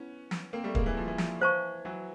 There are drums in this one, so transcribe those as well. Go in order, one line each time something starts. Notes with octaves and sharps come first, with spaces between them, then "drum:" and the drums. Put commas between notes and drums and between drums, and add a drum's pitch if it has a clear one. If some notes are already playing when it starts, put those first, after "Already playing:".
Already playing: B3 C#4 E4
drum: snare
A#3 C4
G3 A3
G#3 A#3, drum: kick
E3
F3
E3
F3, drum: snare
E3 C5 F5 A5 C#6
E3 F#3